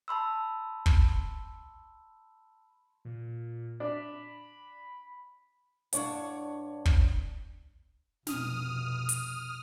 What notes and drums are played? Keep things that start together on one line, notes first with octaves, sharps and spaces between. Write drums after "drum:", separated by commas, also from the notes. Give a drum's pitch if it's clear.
A5 B5 C6 E6
drum: kick
A#2
D4 B5
G2 D4 C#5 F#5, drum: hi-hat
drum: kick
F1 B2 D#6 F6, drum: snare
drum: hi-hat